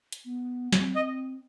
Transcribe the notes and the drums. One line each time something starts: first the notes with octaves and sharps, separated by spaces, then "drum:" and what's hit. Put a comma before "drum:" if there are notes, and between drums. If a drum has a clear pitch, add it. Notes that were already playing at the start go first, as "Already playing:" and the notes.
drum: hi-hat
B3
B3, drum: snare
C4
D#5